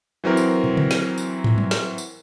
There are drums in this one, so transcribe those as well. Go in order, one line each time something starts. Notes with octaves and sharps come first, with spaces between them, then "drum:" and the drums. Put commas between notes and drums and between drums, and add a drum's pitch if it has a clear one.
E3 F#3 C4 A#4
drum: tambourine
drum: tom
drum: tom
drum: snare
drum: tambourine
drum: tom
drum: tom
drum: snare
drum: tambourine